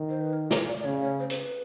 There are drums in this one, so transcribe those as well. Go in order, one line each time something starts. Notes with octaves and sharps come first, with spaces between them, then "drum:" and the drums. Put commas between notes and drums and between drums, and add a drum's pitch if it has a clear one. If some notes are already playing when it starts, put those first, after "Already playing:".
Already playing: D#3
C5
B4
A#4
C#5, drum: snare
D5
D5
C#3 C#5
C#5
C5
C5, drum: hi-hat
B4